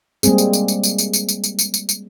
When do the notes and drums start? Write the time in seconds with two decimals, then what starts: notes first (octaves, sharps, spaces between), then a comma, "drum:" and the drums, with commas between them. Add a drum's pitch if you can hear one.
0.23 G3 G#3 A#3 C4 G#4, drum: tambourine
0.38 drum: tambourine
0.53 drum: tambourine
0.68 drum: tambourine
0.83 drum: tambourine
0.98 drum: tambourine
1.14 drum: tambourine
1.29 drum: tambourine
1.44 drum: tambourine
1.59 drum: tambourine
1.74 drum: tambourine
1.89 drum: tambourine